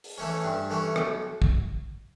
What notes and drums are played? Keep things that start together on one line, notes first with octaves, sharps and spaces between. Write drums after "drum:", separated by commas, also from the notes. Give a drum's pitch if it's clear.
drum: open hi-hat
E3 A3 C#4
G2
E3 A3 C#4
B1, drum: rim click
drum: kick